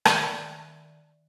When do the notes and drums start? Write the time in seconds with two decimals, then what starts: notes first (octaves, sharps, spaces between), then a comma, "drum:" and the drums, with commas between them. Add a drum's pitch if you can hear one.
0.05 D#3 D5 E5 F#6, drum: rim click